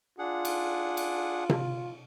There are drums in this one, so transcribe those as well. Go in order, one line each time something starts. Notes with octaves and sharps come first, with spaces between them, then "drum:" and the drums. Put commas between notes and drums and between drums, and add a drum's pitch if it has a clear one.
D4 F4 G#4 F#5
drum: cymbal
drum: cymbal
drum: tom C3